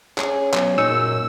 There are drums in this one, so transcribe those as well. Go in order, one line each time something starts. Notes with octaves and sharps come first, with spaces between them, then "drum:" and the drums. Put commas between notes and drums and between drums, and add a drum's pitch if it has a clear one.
C#4 G#4, drum: clap
F#3 B3, drum: clap
A#2 D#4 G#4 C#5 E6
F#2